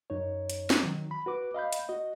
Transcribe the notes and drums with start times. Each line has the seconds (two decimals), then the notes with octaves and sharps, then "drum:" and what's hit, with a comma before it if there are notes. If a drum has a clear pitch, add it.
0.10 F#2 D#4 C#5
0.50 drum: hi-hat
0.70 drum: snare
0.83 D#3 F#3
1.11 B5
1.26 F#4 B4 D6
1.54 D#5 F5 B5 G6
1.73 drum: hi-hat
1.89 F#4 D#5